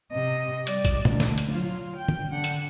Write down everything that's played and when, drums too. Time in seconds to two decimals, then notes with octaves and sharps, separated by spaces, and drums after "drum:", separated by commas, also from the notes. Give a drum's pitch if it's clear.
0.12 C3 D#5
0.67 G3 D5, drum: hi-hat
0.85 drum: kick A#1, hi-hat
1.05 D2 D3, drum: tom
1.20 drum: snare
1.38 drum: hi-hat
1.51 F#3 F4
1.96 G5
2.08 drum: tom
2.31 D3 F#5
2.44 drum: hi-hat